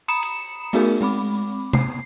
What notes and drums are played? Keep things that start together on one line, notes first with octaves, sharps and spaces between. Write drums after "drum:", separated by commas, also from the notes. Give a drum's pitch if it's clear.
A#5 B5 D#6 C#7 E7
drum: cymbal
A3 B3 D#4 F#4 G#4 A#4, drum: open hi-hat
G#3 C4 B5 D6
C7, drum: tom C3